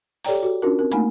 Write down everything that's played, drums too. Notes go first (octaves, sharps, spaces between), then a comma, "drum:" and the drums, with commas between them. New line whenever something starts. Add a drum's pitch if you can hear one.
G4 A4 C#5 D5 G5 A#5, drum: open hi-hat
F#4 A4
C#4 D4 F4 F#4 A#4
C4 A#4
A3 A#3 D#4 G#5 B5, drum: hi-hat